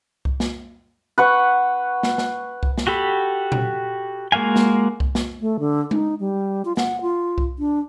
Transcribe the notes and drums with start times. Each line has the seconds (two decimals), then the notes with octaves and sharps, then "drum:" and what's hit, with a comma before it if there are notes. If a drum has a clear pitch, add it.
0.25 drum: kick C2
0.40 drum: snare
1.18 B4 F#5 C#6
2.03 drum: snare
2.18 drum: snare
2.63 drum: kick C2
2.78 drum: snare
2.87 F#4 G4 A4 B5
3.52 drum: tom A#2
4.32 G#3 A#3 F#4 F5 G#5
4.56 drum: snare
5.00 drum: kick C2
5.15 drum: snare
5.40 A3
5.60 D3
5.91 D#4, drum: tom G#3
6.20 G3
6.65 F4
6.77 F#5, drum: snare
7.02 F4
7.38 drum: kick C2
7.59 D4